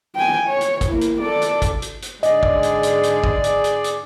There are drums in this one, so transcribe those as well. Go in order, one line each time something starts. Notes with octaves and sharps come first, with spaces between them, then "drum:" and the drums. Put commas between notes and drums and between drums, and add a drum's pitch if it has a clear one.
G5 G#5
C#5
drum: hi-hat
drum: kick, hi-hat
A#3 E4
drum: hi-hat
A4 D5
drum: hi-hat
drum: kick, hi-hat
drum: hi-hat
drum: hi-hat
G#2 D3 G#4 D5 D#5, drum: hi-hat
drum: kick
drum: hi-hat
drum: hi-hat
drum: hi-hat
drum: kick
drum: hi-hat
drum: hi-hat
drum: hi-hat